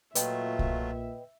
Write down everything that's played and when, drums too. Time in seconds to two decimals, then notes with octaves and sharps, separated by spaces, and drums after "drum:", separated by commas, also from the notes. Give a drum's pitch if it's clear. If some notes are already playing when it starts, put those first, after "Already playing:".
0.15 A#2 F#3 A3 F4 B4 D#5 E5 G5, drum: hi-hat
0.59 drum: kick